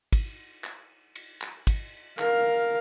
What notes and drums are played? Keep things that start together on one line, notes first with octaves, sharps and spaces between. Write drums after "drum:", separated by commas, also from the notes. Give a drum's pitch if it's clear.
drum: kick, cymbal
drum: clap
drum: cymbal
drum: clap
drum: kick, cymbal
A#4 F5, drum: clap